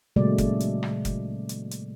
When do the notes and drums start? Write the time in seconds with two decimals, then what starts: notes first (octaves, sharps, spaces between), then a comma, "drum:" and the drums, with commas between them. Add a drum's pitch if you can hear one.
0.16 A#2 C#3 F#3 G#3 A3 D5
0.38 drum: kick, hi-hat
0.60 drum: hi-hat
0.83 drum: rim click
1.05 drum: kick, hi-hat
1.49 drum: hi-hat
1.71 drum: hi-hat